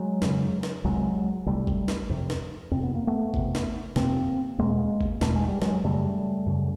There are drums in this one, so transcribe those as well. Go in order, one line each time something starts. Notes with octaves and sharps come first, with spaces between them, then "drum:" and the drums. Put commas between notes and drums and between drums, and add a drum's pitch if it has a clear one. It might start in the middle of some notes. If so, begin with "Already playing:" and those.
Already playing: F#3 G#3
F2 C#3, drum: snare
drum: snare
C2 C3 F#3 G#3
C2 C3 G3 A3
drum: kick G#1
drum: snare
F2 C3
drum: snare
F2 C3 C4
B3
A#3
A3 B3
F2 C3, drum: kick G#1
drum: snare
F2 C3 A#3 C4, drum: snare
E2 B2 G#3 A#3
drum: kick G#1
E2 B2 A3, drum: snare
G#3
G3
F#3 G#3, drum: snare
F#2 C#3 G3 A3
F#2 C#3